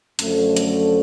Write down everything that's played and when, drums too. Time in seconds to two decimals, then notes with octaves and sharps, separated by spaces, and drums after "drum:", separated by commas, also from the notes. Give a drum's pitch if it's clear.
0.19 F#2 D3 F3 A3, drum: hi-hat
0.56 drum: hi-hat